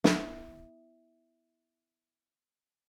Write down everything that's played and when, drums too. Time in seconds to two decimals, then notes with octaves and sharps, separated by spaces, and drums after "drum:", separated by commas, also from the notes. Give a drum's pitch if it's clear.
0.04 B3 E4, drum: snare